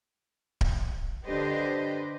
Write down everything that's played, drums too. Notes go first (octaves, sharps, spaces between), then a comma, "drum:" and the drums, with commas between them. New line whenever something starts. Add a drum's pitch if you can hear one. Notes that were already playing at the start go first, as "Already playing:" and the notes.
drum: kick D1
D3 D4 G4 B4 C5 D#5